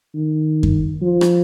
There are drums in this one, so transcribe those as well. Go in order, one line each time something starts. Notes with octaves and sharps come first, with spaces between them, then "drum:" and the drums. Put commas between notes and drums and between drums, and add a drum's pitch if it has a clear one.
D#3
drum: kick F#2
F3
drum: rim click